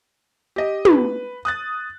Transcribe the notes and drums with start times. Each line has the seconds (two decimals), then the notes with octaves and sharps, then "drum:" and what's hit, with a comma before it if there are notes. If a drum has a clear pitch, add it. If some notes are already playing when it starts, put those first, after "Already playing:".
0.56 G4 D#5
0.85 B4, drum: tom
1.45 D#6 F#6 A6